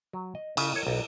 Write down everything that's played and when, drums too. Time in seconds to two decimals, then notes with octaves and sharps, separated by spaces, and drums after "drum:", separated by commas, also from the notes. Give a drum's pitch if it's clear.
0.13 F#3
0.35 D#5
0.57 C#3, drum: cymbal
0.76 C#5
0.87 B1